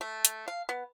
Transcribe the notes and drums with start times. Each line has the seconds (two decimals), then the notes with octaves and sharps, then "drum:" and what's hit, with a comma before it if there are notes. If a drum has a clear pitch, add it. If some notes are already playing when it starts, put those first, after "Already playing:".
0.01 A3
0.25 drum: hi-hat
0.48 F5
0.69 B3